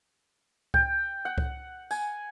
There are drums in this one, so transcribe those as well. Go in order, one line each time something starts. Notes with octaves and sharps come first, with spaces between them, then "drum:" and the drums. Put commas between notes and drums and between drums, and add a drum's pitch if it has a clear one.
G5, drum: kick C#2
F#5
drum: kick C#2
G#5, drum: tambourine